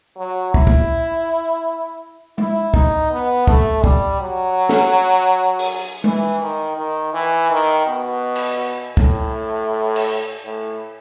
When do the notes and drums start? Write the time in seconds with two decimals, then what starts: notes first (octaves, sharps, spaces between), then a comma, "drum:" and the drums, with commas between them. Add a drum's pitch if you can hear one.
0.17 F#3
0.54 E4, drum: kick
0.67 drum: kick
2.38 E4, drum: tom G#3
2.74 D#4, drum: kick
3.11 B3
3.47 A3, drum: kick
3.84 G3, drum: kick
4.21 F#3
4.69 drum: snare
5.59 drum: open hi-hat
6.04 E3, drum: tom G#3
6.41 D#3
6.77 D#3
7.14 E3
7.50 D#3
7.87 B2
8.36 drum: cymbal
8.97 A2, drum: kick
9.96 drum: cymbal
10.44 A2